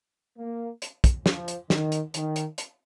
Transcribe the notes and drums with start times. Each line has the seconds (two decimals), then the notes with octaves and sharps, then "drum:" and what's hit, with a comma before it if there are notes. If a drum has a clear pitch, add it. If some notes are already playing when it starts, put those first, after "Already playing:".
0.38 A#3
0.82 drum: hi-hat
1.04 drum: kick, hi-hat
1.26 F3, drum: snare
1.48 drum: hi-hat
1.70 D#3, drum: snare
1.92 drum: hi-hat
2.14 D#3, drum: hi-hat
2.36 drum: hi-hat
2.58 drum: hi-hat